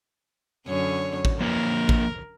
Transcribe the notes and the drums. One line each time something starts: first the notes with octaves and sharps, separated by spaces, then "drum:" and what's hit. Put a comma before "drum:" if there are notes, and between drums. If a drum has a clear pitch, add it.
F#2 D3 C#5
drum: kick A1
F3 A#3 A#4 C#5
drum: kick A1